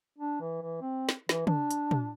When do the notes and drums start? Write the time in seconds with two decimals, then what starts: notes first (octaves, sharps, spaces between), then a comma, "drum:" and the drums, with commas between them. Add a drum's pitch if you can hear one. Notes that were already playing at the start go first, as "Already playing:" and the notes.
0.18 D4
0.41 E3
0.62 E3
0.81 C4
1.09 drum: snare
1.29 E3, drum: snare
1.47 D4, drum: tom
1.71 drum: hi-hat
1.91 drum: tom